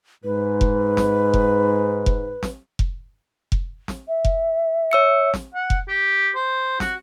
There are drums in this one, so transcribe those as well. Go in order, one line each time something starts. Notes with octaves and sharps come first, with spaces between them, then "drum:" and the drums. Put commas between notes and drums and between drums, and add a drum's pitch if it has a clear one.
G#2 B4
drum: kick F1
drum: snare
drum: kick F1
drum: kick F1
drum: snare
drum: kick F1
drum: kick F1
drum: snare
E5
drum: kick F1
C#5 E6 C#7
drum: snare
F#5
drum: kick F1
G4
C5
F#4, drum: snare